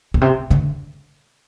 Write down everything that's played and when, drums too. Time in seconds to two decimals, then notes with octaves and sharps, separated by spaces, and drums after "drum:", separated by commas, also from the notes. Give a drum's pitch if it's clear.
0.14 A#2, drum: kick
0.21 C3
0.50 D3, drum: tom